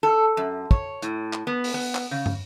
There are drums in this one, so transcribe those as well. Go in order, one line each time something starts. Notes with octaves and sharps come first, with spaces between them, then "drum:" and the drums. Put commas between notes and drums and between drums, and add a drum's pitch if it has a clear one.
A4
F#2
C#5, drum: kick
A2, drum: hi-hat
drum: clap
B3
drum: open hi-hat
B3
drum: clap
C#3
drum: tom